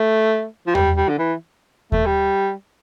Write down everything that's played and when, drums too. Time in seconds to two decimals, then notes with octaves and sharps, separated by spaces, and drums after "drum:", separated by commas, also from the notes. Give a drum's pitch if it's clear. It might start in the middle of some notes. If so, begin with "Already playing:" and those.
Already playing: A3
0.67 F3
0.75 G3, drum: tom E2
0.96 G3
1.09 D3
1.19 E3
1.92 A3, drum: kick D#2
2.06 G3